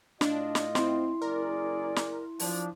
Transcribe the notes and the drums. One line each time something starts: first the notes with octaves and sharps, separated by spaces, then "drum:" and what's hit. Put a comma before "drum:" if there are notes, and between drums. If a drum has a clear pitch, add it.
A2 D4 F4 D#5, drum: snare
drum: snare
C4 E4 C6, drum: snare
F#1 G#4 A#4 D5
drum: snare
F3 D4, drum: open hi-hat